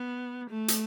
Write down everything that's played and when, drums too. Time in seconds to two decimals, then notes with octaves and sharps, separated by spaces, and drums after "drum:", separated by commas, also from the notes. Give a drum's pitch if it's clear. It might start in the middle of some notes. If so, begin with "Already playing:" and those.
Already playing: B3
0.50 A3
0.68 drum: hi-hat